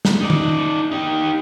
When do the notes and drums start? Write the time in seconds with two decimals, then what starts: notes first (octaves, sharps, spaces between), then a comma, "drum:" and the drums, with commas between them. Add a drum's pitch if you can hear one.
0.05 drum: snare
0.21 D#4 D5
0.30 drum: tom
0.91 D#4 G4